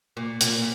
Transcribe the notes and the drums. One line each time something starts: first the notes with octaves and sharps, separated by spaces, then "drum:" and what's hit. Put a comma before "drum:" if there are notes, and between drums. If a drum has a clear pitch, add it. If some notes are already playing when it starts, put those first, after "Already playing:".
A#2
A#2, drum: hi-hat